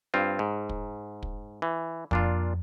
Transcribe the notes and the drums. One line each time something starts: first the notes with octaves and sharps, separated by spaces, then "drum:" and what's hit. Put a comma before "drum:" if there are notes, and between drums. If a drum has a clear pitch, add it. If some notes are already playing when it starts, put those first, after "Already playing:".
G2 C4 F4
G#2
drum: kick
drum: kick
E3
F2 A#2 D4 F4, drum: kick